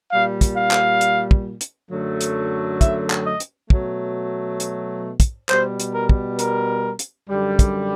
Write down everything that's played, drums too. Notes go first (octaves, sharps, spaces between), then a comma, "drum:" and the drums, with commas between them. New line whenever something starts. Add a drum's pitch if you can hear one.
A#2 G3 F5
drum: kick, hi-hat
F5
drum: clap
drum: hi-hat
drum: kick
drum: hi-hat
F#2 D3 F#3 A3
drum: hi-hat
E5, drum: kick, hi-hat
drum: clap
D#5
drum: hi-hat
B2 F#3 A3, drum: kick
drum: hi-hat
drum: kick, hi-hat
B2 G3 C5, drum: clap
drum: hi-hat
A#4
drum: kick
A#4, drum: hi-hat
drum: hi-hat
F#2 D3 G3
drum: kick, hi-hat